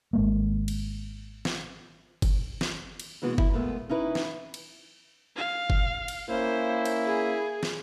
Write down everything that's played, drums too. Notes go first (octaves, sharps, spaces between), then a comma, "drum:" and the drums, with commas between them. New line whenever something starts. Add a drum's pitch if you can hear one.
G#1 G#3 A#3
drum: cymbal
drum: snare
drum: kick F#1, cymbal
drum: snare
drum: cymbal
B2 E3 G#3 B3 F#4
E4, drum: kick F#1
A#2 G#3 A3 B3
C#4 D#4 E4 B4
drum: snare
drum: cymbal
F5
drum: kick F#1
drum: cymbal
A#3 C#4 E4 C5
drum: cymbal
G#4
drum: snare